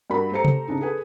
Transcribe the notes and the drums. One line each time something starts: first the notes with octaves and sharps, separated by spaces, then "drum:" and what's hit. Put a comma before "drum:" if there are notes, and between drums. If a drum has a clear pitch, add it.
G2 F#4 A#4 B5
A3 G4 C5 A#5 C#7
drum: tom C3
C#3 D4 D#4
G#4 A4 B4 G#5